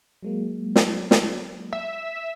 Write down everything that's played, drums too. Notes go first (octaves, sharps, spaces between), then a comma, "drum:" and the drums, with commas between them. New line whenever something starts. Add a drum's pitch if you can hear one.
F#3 G#3 A#3
drum: snare
drum: snare
E5